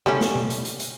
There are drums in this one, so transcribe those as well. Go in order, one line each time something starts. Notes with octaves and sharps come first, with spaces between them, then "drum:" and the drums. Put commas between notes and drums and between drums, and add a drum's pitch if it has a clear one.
G3 A3 C#4, drum: tom C3
drum: snare
drum: tom B2
drum: hi-hat
drum: hi-hat
drum: hi-hat